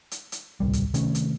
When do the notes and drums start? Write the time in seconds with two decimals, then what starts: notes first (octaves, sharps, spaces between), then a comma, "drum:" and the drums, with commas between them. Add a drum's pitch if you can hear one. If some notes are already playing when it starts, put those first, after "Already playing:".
0.11 drum: hi-hat
0.32 drum: hi-hat
0.60 D1 C2 G3
0.73 drum: hi-hat
0.94 C3 D#3 A3 C#4, drum: hi-hat
1.15 drum: hi-hat